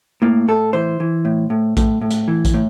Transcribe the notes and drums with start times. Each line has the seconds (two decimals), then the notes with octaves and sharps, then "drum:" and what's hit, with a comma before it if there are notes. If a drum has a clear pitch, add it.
0.22 A2 A#3
0.48 A2 A4
0.73 E3 C5
1.00 E3
1.25 A2
1.50 A2
1.77 A2, drum: kick A#1, hi-hat
2.01 A2
2.11 drum: hi-hat
2.28 E3
2.45 drum: kick A#1, hi-hat
2.54 A2